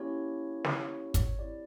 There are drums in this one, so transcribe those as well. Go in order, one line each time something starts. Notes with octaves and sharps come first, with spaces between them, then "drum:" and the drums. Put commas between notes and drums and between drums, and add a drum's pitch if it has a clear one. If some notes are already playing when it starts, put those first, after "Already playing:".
Already playing: A#3 C#4 E4 G4 C#5
C#5, drum: snare
drum: kick, hi-hat
C4 E4 G4 D5